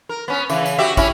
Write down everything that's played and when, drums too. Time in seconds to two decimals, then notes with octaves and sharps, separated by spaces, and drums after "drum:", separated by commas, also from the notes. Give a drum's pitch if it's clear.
0.09 A#4
0.28 B3 C#4
0.50 C#3 E3, drum: tambourine
0.66 drum: tambourine
0.78 F#4 G4 E5
0.97 C#4 E4, drum: kick, tambourine